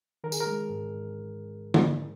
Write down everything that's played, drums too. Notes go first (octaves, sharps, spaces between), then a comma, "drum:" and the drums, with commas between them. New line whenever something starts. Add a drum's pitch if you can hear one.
D#3 A#4
G#4, drum: tambourine
A#4
G#3
G#2
drum: tom